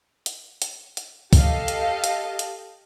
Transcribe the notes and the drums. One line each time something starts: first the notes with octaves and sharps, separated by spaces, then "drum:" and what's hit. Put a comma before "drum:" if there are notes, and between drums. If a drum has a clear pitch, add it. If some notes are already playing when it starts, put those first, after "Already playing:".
drum: hi-hat
drum: hi-hat
drum: hi-hat
G4 A4 D#5 F5, drum: kick, open hi-hat
drum: hi-hat
drum: hi-hat
drum: hi-hat